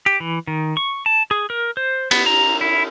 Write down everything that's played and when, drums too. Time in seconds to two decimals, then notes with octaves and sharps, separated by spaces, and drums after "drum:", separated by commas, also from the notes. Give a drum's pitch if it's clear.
0.06 G4
0.20 E3
0.47 D#3
0.77 C#6
1.06 A5
1.31 G#4
1.50 A#4
1.77 C5
2.11 B3, drum: cymbal
2.26 A#5
2.61 E4